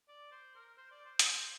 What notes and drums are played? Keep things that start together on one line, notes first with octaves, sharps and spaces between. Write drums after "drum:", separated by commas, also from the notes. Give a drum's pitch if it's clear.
D5
C5
A#4
C5
D5
C5
drum: hi-hat